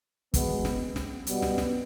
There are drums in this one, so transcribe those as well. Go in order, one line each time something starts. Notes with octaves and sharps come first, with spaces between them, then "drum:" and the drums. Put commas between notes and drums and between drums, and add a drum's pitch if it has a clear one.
B2 G#3 B3, drum: kick, hi-hat
drum: snare
drum: snare
B2 G3 B3, drum: hi-hat
drum: snare
drum: snare